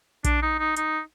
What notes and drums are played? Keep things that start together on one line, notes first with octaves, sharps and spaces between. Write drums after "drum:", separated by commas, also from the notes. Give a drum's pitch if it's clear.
D4, drum: kick A#1, hi-hat
D#4
D#4
D#4, drum: hi-hat